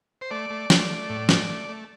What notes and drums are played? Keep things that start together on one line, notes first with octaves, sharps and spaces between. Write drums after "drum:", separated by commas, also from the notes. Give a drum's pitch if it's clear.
C5
A3 D5
A3
A3, drum: snare
A3
A2
A3, drum: snare
A3
A3